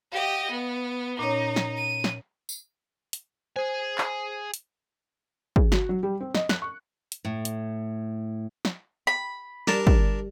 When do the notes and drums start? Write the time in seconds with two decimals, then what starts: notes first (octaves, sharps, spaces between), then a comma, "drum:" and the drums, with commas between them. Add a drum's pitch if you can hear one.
0.12 G4 D#5 F5 F#5
0.51 B3
1.19 A#2 C#4 D#4 C#5
1.56 drum: snare
1.77 D#7
2.04 drum: snare
2.49 drum: tambourine
3.13 drum: hi-hat
3.56 G#4 C5 G#5
3.98 drum: clap
4.54 drum: hi-hat
5.56 G#4, drum: kick
5.72 F#4, drum: snare
5.89 F#3
6.03 G3
6.20 C4
6.35 D#5, drum: snare
6.49 F#6, drum: snare
6.62 C#6
7.12 drum: hi-hat
7.25 A2
7.45 drum: hi-hat
8.65 drum: snare
9.07 B5
9.67 G3 D4 A#4 A5, drum: snare
9.87 drum: kick